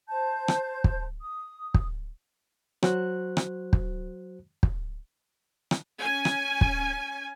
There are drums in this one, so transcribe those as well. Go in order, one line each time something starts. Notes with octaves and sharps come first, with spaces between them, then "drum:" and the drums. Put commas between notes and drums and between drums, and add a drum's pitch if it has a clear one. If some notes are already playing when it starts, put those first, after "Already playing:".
C5 A5 G6
drum: rim click
drum: kick
D#6
drum: kick
F#3 F#4 C5 F#6, drum: rim click
drum: rim click
drum: kick
drum: kick
drum: rim click
C#4 G#5
drum: rim click
drum: kick